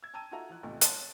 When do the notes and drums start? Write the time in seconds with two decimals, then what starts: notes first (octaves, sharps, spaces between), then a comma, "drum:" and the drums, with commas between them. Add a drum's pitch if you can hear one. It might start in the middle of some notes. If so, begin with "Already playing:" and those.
0.03 E6 G#6
0.14 G5 A5 A#5 E6 D#7
0.31 D#4 F4 F#4 A4 E5 A#5
0.49 E3 F3 F#6
0.63 A1 E2 C3 F3 A3
0.81 C#5 A5 C6 D#6 A6, drum: hi-hat